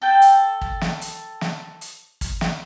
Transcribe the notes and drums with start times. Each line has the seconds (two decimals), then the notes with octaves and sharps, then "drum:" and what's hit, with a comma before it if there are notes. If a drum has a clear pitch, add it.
0.02 A4 G5 G6
0.22 drum: hi-hat
0.61 drum: kick
0.81 drum: snare
1.01 drum: hi-hat
1.41 drum: snare
1.81 drum: hi-hat
2.21 drum: kick, hi-hat
2.41 drum: snare